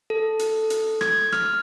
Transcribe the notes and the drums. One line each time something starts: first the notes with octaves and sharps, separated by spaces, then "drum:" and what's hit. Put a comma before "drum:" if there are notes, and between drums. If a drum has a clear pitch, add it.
A4
drum: hi-hat
drum: hi-hat
G#6, drum: rim click
F6, drum: rim click